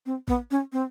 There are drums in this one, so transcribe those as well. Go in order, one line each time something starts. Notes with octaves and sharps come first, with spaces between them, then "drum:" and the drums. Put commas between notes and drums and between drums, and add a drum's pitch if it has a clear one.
C4
B3, drum: kick A1
C#4
C4